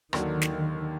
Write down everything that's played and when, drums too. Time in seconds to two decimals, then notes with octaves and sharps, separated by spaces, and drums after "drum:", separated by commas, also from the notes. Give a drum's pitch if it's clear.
0.13 D#2 D3 D#3 F#3, drum: rim click
0.42 drum: snare